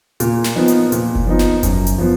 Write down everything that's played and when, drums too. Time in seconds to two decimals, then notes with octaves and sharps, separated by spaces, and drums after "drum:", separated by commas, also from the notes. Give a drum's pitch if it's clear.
0.20 A#2, drum: hi-hat
0.44 drum: snare
0.56 F3 B3 D#4
0.68 drum: hi-hat
0.92 A#2, drum: hi-hat
1.15 drum: kick F#1
1.27 F3 B3 D#4
1.39 drum: snare
1.63 F#2, drum: kick F#1, hi-hat
1.87 drum: hi-hat
1.98 F3 B3